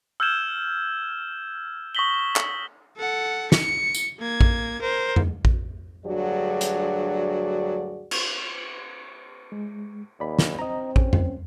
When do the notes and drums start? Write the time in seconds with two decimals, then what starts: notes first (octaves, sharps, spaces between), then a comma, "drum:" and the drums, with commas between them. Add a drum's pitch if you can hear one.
0.20 E6 F6 G6 G#6 E7 G7
1.95 C#6 D#6 A#6 B6 F#7 G7
2.36 drum: clap
2.97 A4 F#5
3.52 C#7, drum: snare
3.95 drum: tambourine
4.19 A#3 G#6
4.41 drum: kick A#1
4.82 A#4 C5
5.16 drum: tom F2
5.45 drum: kick A#1
6.06 D2 G2 F#3 F#4 G#4 D5
6.61 drum: hi-hat
8.11 drum: cymbal
9.52 G#3
10.20 D#2 D5 B5
10.39 drum: snare
10.59 C4 D#5 A#5
10.96 C#4, drum: kick A#1
11.13 drum: tom F2